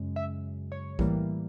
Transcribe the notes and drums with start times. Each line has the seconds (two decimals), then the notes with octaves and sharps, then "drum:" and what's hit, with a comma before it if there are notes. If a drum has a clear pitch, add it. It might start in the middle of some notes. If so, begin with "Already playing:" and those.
Already playing: F#2 C#3 G#3
0.16 E5
0.72 C#5
0.99 A2 E3 G3 A#3, drum: kick A#1